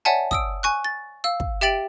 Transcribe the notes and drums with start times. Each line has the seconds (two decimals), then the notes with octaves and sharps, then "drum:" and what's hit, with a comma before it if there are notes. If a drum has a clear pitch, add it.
0.05 C#5 D5 E5 F#5 G#5 A5
0.31 D#6 E6 D7, drum: kick
0.63 G#5 C#6 F#6
0.85 A6
1.24 F5 E6
1.40 drum: kick
1.61 G4 E5 G5 A6 D7 F#7